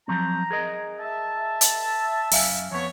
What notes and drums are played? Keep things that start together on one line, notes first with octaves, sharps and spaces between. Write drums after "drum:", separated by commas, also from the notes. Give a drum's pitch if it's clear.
F3 F#3 C4 A#5
G#4 A#4 D#5
E5 A5
drum: hi-hat
F#2 E5 F5 G#5, drum: open hi-hat
F2 B3 C#5